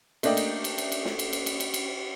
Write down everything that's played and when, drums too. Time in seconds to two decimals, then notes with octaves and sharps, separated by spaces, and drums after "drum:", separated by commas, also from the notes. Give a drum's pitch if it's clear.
0.23 A3 A#3 D4 D5 D#5 G5, drum: cymbal
0.37 drum: cymbal
0.64 drum: cymbal
0.78 drum: cymbal
0.92 drum: cymbal
1.05 drum: snare
1.19 drum: cymbal
1.33 drum: cymbal
1.46 drum: cymbal
1.60 drum: cymbal
1.74 drum: cymbal